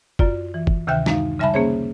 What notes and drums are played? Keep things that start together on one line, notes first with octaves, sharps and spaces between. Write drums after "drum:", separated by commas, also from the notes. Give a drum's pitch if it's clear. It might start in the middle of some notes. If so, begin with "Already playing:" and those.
F#2 F4 D5, drum: kick F#1
E3
drum: kick F#1
D2 C3 D#3 E5 G5 F#6
F#2 G#3 D#4 F5, drum: snare
C#3 G3 E5 G#5 A5 B5
A#3 C#4 G#4 C5 C#5